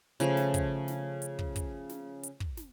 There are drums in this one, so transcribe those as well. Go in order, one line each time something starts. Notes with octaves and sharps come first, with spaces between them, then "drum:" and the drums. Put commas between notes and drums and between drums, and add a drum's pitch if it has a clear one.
C#3 F3 A3, drum: hi-hat
drum: snare
drum: kick, hi-hat
drum: snare
drum: hi-hat
drum: kick
drum: kick, hi-hat
drum: snare
drum: hi-hat
drum: kick
drum: snare